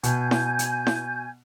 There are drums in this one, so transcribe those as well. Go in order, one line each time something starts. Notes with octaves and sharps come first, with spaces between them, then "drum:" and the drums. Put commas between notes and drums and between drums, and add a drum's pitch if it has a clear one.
B2 G#5 G6 G#6, drum: hi-hat
drum: snare E4
drum: hi-hat
drum: snare E4